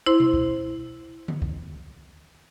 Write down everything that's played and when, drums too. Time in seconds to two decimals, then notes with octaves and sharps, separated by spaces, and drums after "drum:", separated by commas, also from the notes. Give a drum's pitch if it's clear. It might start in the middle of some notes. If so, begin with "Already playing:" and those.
0.06 E4 C5 C6
0.20 drum: tom B2
0.34 drum: kick
1.28 drum: tom D3
1.42 drum: kick